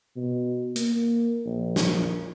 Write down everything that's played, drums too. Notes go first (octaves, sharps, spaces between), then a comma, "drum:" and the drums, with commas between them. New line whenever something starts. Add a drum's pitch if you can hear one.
B2
A#3, drum: hi-hat
A#1
drum: snare